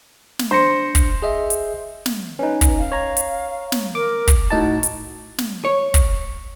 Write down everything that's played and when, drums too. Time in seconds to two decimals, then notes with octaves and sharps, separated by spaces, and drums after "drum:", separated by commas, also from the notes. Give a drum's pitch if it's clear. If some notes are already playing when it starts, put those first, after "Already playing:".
0.39 drum: snare
0.51 D4 C5 A#6 C#7
0.95 drum: kick, hi-hat
1.22 G#4 D#5 E5
1.50 drum: hi-hat
2.06 drum: snare
2.39 C#4 D#4 B4
2.61 drum: kick, hi-hat
2.79 F5
2.92 C#5 A#5
3.17 drum: hi-hat
3.72 drum: snare
3.95 A#4 D6
4.28 drum: kick, hi-hat
4.50 A2 D#4 F#4 A5
4.83 drum: hi-hat
5.38 drum: snare
5.65 C#5
5.94 drum: kick, hi-hat